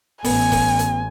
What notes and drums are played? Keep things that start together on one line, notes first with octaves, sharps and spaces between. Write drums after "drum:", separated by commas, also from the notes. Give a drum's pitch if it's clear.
A1 B3 G#5, drum: open hi-hat
drum: kick F1, open hi-hat
drum: hi-hat